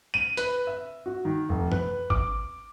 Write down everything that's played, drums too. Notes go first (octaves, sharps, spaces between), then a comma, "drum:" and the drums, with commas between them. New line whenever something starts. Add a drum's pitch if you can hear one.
D#7
B4, drum: hi-hat
E5
F#4
D#3
F1
B4, drum: tom
D6, drum: kick G#1